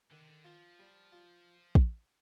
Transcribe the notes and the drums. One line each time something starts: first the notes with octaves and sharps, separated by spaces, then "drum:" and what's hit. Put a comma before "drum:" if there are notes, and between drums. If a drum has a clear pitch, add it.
D3 D#3
C3
D3
F3 F4
G3
F4
drum: kick